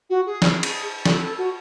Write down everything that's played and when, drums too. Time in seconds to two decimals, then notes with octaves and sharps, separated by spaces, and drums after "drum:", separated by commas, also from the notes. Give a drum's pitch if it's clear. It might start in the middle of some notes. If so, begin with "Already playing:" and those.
0.10 F#4
0.26 G#4
0.42 drum: snare
0.63 drum: cymbal
1.06 A4, drum: snare
1.22 A4
1.38 F#4